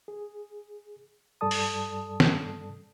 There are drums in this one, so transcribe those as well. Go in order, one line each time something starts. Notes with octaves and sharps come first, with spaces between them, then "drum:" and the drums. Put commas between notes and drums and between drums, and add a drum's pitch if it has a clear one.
G#4
G2 G3 A4 D5 A5 D#6
drum: open hi-hat
drum: snare